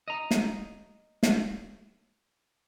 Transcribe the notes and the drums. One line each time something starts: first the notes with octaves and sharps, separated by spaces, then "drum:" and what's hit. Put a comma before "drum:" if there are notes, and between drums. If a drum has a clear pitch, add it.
D#5 A#5
drum: snare
drum: snare